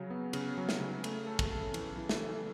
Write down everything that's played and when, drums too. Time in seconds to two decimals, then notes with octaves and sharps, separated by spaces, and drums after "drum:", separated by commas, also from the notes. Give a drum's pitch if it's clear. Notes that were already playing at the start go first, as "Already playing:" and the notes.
Already playing: C#3 F#3
0.10 B3
0.33 C#3, drum: cymbal
0.58 F#3
0.69 drum: snare
0.80 C#3
1.04 A3, drum: cymbal
1.27 A4
1.39 drum: kick, cymbal
1.51 A4
1.74 E3, drum: cymbal
1.98 E3
2.09 drum: snare
2.22 A4